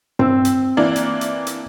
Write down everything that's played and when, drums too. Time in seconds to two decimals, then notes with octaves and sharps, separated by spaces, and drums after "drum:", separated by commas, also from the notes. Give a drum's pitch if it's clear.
0.19 C4 E6, drum: tom G2
0.45 drum: hi-hat
0.77 E3 A#3 D4
0.96 drum: hi-hat
1.21 drum: hi-hat
1.47 drum: hi-hat